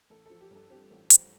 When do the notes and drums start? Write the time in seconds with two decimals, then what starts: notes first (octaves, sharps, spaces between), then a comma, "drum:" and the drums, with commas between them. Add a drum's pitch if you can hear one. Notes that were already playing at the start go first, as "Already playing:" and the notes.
0.10 A1 A4
0.25 F3 A4
0.40 G4
0.51 G2 A4
0.70 C4 G4
0.91 A1
1.10 F3, drum: hi-hat